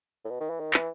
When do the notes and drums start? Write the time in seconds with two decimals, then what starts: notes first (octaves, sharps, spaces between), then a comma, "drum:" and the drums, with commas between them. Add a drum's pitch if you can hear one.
0.25 A2
0.30 B2
0.40 D#3
0.50 E3
0.60 D#3
0.74 E3, drum: clap